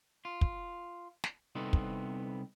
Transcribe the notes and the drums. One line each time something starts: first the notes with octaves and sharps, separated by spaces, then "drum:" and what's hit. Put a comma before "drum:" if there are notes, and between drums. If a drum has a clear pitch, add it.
F4
drum: kick
drum: snare
C2 B3 C4 D#4 A4
drum: kick